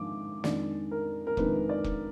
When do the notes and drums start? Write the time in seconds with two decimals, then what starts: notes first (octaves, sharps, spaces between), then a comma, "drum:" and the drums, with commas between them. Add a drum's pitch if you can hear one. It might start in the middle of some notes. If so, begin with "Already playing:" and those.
Already playing: G#2 F3 A#3 D4 D6
0.44 F2 D#3 G#3 D4 D5, drum: snare
0.91 A#4
1.27 A#4
1.37 F2 D#3 G#3 D4 B4, drum: kick
1.69 D5
1.84 drum: kick